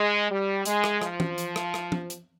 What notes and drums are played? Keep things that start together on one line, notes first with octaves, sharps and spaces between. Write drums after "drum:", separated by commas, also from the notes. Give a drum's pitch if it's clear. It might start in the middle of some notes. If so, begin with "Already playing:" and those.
Already playing: G#3
G3
G#3, drum: hi-hat
drum: rim click
F3, drum: rim click
drum: tom E3
drum: hi-hat
drum: rim click
drum: rim click
drum: tom
drum: hi-hat